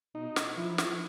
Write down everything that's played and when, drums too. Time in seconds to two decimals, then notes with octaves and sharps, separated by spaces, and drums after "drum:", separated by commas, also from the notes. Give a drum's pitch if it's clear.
0.15 B2 D#4
0.36 drum: snare
0.57 F3 E4
0.78 drum: snare